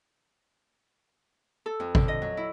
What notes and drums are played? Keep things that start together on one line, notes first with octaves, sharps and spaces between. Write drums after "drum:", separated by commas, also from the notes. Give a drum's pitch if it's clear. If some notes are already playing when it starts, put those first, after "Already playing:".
A4
F2
D3, drum: kick G#1
D#5
F#3
E4